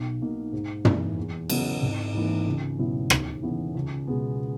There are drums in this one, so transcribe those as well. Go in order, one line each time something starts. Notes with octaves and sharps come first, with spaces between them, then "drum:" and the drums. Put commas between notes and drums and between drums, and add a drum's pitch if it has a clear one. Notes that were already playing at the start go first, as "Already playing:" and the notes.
Already playing: B1
B2 A#3 D#4
G#2
E3 A#3, drum: tom
E2
C#3 F#3 B3, drum: cymbal
G#1
G#2 E3 A#3
C#2
B2 F#3 B3 E4
D#2, drum: rim click
C#3 E3 B3
C#2
B2 G#3 B3